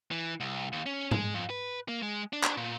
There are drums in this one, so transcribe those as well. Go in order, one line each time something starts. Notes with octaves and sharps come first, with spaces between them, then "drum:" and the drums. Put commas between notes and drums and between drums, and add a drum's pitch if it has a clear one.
E3
C2
D#2
C#4
G#3, drum: tom G#2
F2
B4
A#3
G#3
D4
drum: clap
A#2